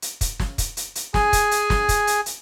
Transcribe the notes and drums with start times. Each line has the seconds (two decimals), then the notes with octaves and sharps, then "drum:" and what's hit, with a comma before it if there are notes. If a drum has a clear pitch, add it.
0.02 drum: hi-hat
0.21 drum: kick, hi-hat
0.40 drum: snare
0.58 drum: kick, hi-hat
0.77 drum: hi-hat
0.95 drum: hi-hat
1.14 G#4 G#5, drum: snare
1.33 drum: kick, hi-hat
1.51 drum: hi-hat
1.70 drum: snare
1.89 drum: kick, hi-hat
2.07 drum: hi-hat
2.26 drum: hi-hat